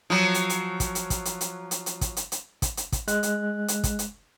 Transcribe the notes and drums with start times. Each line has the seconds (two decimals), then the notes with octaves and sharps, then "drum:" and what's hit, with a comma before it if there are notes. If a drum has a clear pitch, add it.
0.10 F3 F#3
0.34 drum: hi-hat
0.50 drum: hi-hat
0.80 drum: kick, hi-hat
0.95 drum: hi-hat
1.10 drum: kick, hi-hat
1.25 drum: hi-hat
1.41 drum: hi-hat
1.71 drum: hi-hat
1.86 drum: hi-hat
2.01 drum: kick, hi-hat
2.17 drum: hi-hat
2.32 drum: hi-hat
2.62 drum: kick, hi-hat
2.77 drum: hi-hat
2.92 drum: kick, hi-hat
3.08 G#3 F#6, drum: hi-hat
3.23 drum: hi-hat
3.68 drum: hi-hat
3.84 drum: kick, hi-hat
3.99 drum: hi-hat